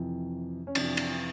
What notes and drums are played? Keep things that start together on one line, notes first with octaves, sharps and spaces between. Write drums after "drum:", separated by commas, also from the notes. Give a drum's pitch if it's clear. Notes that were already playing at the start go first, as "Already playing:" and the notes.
Already playing: F2 C3 E3
C#4
F2 C3 E3 D4, drum: cymbal
drum: cymbal